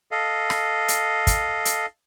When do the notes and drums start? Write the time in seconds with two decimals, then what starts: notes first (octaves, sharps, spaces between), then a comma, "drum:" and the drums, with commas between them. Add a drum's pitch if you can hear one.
0.11 A4 D#5 F5
0.50 drum: rim click
0.88 drum: hi-hat
1.27 drum: kick, hi-hat
1.65 drum: hi-hat